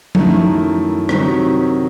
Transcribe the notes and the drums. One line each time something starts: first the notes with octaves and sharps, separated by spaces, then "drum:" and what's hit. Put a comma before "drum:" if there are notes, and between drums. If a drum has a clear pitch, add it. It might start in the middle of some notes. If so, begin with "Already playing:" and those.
F#2 D#3 A3 E4, drum: tom F3
C3 D#3 F#3 C4, drum: rim click